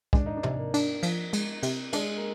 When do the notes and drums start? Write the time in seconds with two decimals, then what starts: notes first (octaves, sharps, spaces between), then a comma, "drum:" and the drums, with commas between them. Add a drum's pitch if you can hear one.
0.13 G#3 D4, drum: kick
0.26 D#4
0.37 D4
0.43 C3, drum: tom
0.59 A#3
0.74 D4, drum: cymbal
1.03 F3, drum: cymbal
1.33 G#3, drum: cymbal
1.63 C3, drum: cymbal
1.93 G#3 D4, drum: cymbal
2.16 A#3